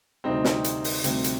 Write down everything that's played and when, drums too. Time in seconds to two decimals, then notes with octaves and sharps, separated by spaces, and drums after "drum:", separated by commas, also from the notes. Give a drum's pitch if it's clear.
0.24 D2 C3 G3 C4 D#4
0.44 drum: snare
0.64 drum: hi-hat
0.84 drum: open hi-hat
1.04 D2 C3 G3, drum: hi-hat
1.24 drum: hi-hat